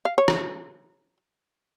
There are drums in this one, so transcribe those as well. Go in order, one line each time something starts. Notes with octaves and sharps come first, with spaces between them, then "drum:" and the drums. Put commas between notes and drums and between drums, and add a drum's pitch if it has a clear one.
F5
C#5
drum: rim click